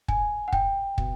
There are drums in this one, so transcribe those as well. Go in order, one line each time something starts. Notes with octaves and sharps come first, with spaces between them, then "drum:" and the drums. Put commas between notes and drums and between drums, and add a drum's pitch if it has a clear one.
G#5, drum: kick
F#5
G5, drum: kick
B2, drum: kick